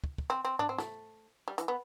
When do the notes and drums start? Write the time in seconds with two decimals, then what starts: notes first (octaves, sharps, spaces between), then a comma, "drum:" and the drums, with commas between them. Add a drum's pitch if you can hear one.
0.04 drum: kick
0.18 drum: kick
0.30 C4
0.45 C4
0.59 D4, drum: tom G#2
0.69 C4
0.78 A3, drum: snare
1.48 G3
1.58 E3, drum: hi-hat
1.68 B3